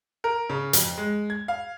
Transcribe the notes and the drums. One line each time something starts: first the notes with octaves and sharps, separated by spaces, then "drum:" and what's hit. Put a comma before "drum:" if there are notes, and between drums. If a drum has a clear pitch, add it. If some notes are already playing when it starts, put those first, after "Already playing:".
A#4
C#3
F2, drum: hi-hat
G#3
G#6
F5